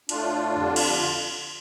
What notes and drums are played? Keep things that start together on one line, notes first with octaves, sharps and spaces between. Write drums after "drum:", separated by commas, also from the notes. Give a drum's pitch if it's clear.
A2 A3 D4 F4, drum: hi-hat
F2 D3 G3
drum: cymbal